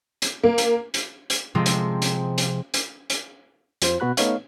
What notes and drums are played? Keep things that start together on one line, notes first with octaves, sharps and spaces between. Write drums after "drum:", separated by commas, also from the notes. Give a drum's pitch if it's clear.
drum: hi-hat
A#3
drum: hi-hat
drum: hi-hat
drum: hi-hat
C3 F3 G#3 C4
drum: hi-hat
drum: hi-hat
drum: hi-hat
drum: hi-hat
drum: hi-hat
F2 F4 C5, drum: hi-hat
B2 B3 F#4 B5 F#6
A3 B3 D#4 C#5 F5, drum: hi-hat